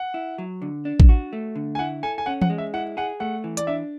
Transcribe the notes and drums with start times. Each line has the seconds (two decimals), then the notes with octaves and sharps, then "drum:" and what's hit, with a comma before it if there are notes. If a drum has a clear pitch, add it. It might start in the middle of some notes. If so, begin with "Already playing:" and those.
Already playing: F#5
0.14 E4
0.38 F#3
0.62 D3
0.85 D4
1.00 drum: kick A1
1.09 F#4
1.33 A3
1.56 D3
1.75 G#5
1.79 E4 F#5
2.03 A4 G#5
2.18 G#5
2.26 C#4 F#5
2.42 F#5, drum: tom E3
2.50 G#3
2.58 E5
2.74 E4 F#5
2.97 G#4 F#5
3.20 A3 F#5
3.44 E3
3.57 D5, drum: hi-hat
3.67 D4 E5